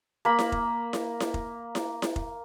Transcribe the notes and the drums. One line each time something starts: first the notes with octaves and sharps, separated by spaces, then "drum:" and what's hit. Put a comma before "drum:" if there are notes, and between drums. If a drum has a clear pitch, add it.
A#3 B5
drum: snare E4
drum: kick
drum: snare E4
drum: snare E4
drum: kick
drum: snare E4
drum: snare E4
drum: kick